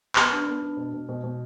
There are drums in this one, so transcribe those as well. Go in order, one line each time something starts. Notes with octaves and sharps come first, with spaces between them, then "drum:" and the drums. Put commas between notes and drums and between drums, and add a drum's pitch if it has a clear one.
B3 F6, drum: clap
D4
B3
D4
B2
B2
B2
B2